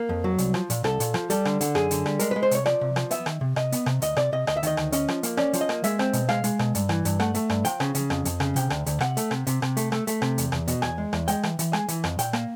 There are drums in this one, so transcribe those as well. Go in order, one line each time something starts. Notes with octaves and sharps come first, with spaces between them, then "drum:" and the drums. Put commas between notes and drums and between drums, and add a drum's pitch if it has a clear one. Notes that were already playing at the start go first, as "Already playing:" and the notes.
Already playing: A#3
F2
F#3
C2, drum: hi-hat
F3, drum: rim click
A#2, drum: hi-hat
C2 A4, drum: rim click
A#2, drum: hi-hat
F3, drum: rim click
G3 A4, drum: hi-hat
D3, drum: rim click
D3, drum: hi-hat
F#2 G#4, drum: rim click
D3, drum: hi-hat
G3, drum: rim click
G#3 A#4, drum: hi-hat
G#3 B4
C5
C3 C#5, drum: hi-hat
F3 D5, drum: rim click
C3
F3, drum: rim click
B3 E5, drum: hi-hat
D#3, drum: rim click
C3
C3 D#5, drum: rim click
B3, drum: hi-hat
C3, drum: rim click
D2 D#5, drum: hi-hat
C3 D5, drum: rim click
C3 D#5
D2 D#5, drum: rim click
E5
D#3 D#5, drum: hi-hat
D2, drum: rim click
C#4 D#5, drum: hi-hat
F3, drum: rim click
A#3, drum: hi-hat
C#4 D5, drum: rim click
F3, drum: hi-hat
D#5
A#3, drum: rim click
G#3 E5, drum: hi-hat
C4, drum: rim click
B2, drum: hi-hat
G#3 F5, drum: rim click
G#3, drum: hi-hat
B2, drum: rim click
G2, drum: hi-hat
E3, drum: rim click
G2, drum: hi-hat
A3 F#5, drum: rim click
A3, drum: hi-hat
G2, drum: rim click
F3 G5, drum: hi-hat
C#3, drum: rim click
C#3, drum: hi-hat
F2, drum: rim click
F2, drum: hi-hat
C#3, drum: rim click
C3 G5, drum: hi-hat
D2, drum: rim click
D2, drum: hi-hat
C3 F#5, drum: rim click
A3, drum: hi-hat
C3, drum: rim click
C3, drum: hi-hat
C3, drum: rim click
A3, drum: hi-hat
A3, drum: rim click
A3, drum: hi-hat
C3, drum: rim click
E2, drum: hi-hat
E2, drum: rim click
B2, drum: hi-hat
E2 G#5, drum: rim click
G#3
E2, drum: rim click
G#3 G5, drum: hi-hat
E3, drum: rim click
E3, drum: hi-hat
G#3 G#5, drum: rim click
E3, drum: hi-hat
F2, drum: rim click
A#2 G5, drum: hi-hat
A#3, drum: rim click